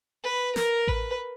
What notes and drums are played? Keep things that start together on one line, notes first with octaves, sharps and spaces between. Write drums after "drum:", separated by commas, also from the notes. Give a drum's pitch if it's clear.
B4
A#4, drum: snare
B4, drum: kick A1